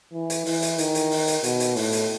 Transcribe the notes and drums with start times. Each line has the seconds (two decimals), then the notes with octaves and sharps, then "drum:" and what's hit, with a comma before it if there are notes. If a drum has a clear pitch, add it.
0.13 E3
0.30 drum: hi-hat
0.46 E3, drum: open hi-hat
0.62 drum: hi-hat
0.78 D#3, drum: hi-hat
0.95 drum: hi-hat
1.11 drum: open hi-hat
1.27 drum: hi-hat
1.44 B2, drum: hi-hat
1.60 drum: hi-hat
1.76 A2, drum: open hi-hat
1.93 drum: hi-hat